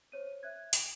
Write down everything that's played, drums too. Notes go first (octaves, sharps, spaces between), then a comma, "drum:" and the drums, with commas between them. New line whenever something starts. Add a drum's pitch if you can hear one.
C5 C#5 D#7
E5 F#6 G#6
D7, drum: hi-hat